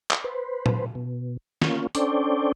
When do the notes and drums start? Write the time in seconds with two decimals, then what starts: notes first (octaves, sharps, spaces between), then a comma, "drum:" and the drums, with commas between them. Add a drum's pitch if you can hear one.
0.11 drum: clap
0.24 B4 C5
0.66 drum: tom A#2
0.95 B2
1.62 A#3 C#4 F4, drum: snare
1.95 C#4 D4 A4 C5 D5 G5, drum: hi-hat